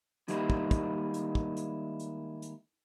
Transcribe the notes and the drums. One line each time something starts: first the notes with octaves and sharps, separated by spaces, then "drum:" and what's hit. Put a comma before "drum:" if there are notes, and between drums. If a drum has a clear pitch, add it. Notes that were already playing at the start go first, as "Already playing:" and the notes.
D#3 G3 G#3 A#3 D#4 E4, drum: hi-hat
drum: kick
drum: kick, hi-hat
drum: hi-hat
drum: kick
drum: hi-hat
drum: hi-hat
drum: hi-hat